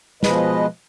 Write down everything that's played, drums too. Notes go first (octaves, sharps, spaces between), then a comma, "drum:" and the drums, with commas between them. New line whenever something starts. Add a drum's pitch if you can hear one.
B2 F3 G#3 B4 D#5, drum: snare